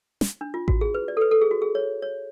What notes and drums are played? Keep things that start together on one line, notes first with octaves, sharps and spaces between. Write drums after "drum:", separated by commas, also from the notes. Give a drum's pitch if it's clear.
drum: snare
D4
F4
F#4, drum: kick A1
G#4
B4
D5
A4
B4
A4
G#4
F#4
G#4
C#5
C#5